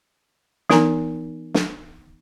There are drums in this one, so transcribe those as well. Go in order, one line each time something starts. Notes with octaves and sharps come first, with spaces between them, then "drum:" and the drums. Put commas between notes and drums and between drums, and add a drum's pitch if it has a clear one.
E3 B3 D#4 A#4 G#5 A#5, drum: snare
drum: snare